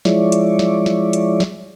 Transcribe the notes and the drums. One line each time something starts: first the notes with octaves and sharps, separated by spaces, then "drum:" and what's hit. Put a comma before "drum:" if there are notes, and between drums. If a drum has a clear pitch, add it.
F3 G#3 E4 C#5 D5, drum: snare
drum: hi-hat
drum: snare
drum: snare
drum: hi-hat
drum: snare